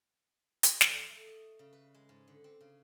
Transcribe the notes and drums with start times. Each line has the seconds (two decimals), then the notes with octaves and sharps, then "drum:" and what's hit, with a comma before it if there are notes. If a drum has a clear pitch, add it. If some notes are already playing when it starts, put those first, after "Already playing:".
0.63 drum: hi-hat
0.81 F2, drum: snare
0.97 E5
1.10 A3
1.27 D#5
1.59 C#3
1.73 B4
1.94 G#3
2.09 G#2
2.28 D3
2.44 C4
2.61 C#3